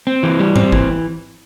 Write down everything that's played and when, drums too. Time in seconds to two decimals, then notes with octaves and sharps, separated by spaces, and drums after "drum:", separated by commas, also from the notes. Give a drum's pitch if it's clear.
0.07 C4
0.23 E3
0.40 G3
0.56 C4, drum: tom G#2
0.72 E3, drum: kick